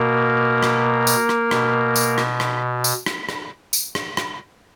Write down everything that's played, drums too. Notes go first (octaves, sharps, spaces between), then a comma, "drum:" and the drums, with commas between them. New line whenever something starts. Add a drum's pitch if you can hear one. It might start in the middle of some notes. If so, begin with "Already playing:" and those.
Already playing: B2 A#3 A#4
drum: rim click
drum: tambourine
drum: rim click
B2, drum: rim click
drum: tambourine
drum: rim click
drum: rim click
drum: tambourine
drum: rim click
drum: rim click
drum: tambourine
drum: rim click
drum: rim click